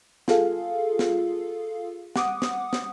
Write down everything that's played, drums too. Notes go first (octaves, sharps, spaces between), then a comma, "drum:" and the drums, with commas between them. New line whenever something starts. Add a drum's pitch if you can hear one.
F4 G#4 A4 F5, drum: snare
drum: snare
F#5 D6 D#6, drum: snare
drum: snare
drum: snare